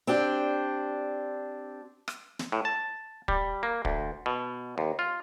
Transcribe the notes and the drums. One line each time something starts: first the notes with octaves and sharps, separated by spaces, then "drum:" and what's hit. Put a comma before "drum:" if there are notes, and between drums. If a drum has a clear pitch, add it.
C4 D4 G4
drum: rim click
drum: snare
A2
A5
G3, drum: kick
A#3
D2, drum: kick
B2
D#2
F4